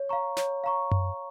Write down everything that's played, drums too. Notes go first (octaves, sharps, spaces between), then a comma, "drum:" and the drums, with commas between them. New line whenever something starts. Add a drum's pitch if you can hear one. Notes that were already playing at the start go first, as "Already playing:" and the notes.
Already playing: C#5
F5 A#5 C#6
C#5, drum: snare
F5 A#5 C#6
drum: tom F#2